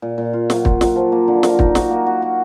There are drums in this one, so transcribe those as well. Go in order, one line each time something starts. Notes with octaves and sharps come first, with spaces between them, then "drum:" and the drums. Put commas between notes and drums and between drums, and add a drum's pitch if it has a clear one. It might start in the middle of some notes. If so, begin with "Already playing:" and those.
A#2
A#2
F4
F#3, drum: snare
F4, drum: kick
F#3, drum: snare
F3
A#3
D3
A#4, drum: snare
D#4, drum: kick
F#4, drum: snare
A#3
F#4
F#4